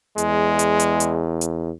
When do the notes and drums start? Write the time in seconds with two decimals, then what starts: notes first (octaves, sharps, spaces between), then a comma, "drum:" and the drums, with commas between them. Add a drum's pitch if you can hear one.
0.18 E2 G#3, drum: hi-hat
0.59 drum: hi-hat
0.80 drum: hi-hat
1.00 drum: hi-hat
1.41 drum: hi-hat